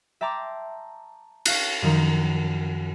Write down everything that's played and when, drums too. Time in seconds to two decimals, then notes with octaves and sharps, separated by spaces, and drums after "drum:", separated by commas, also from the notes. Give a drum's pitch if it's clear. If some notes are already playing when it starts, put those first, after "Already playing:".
0.21 E5 G5 A5 A#5 C6 D6
1.46 C#5 F5 F#6, drum: cymbal
1.82 F#2 D#3 F3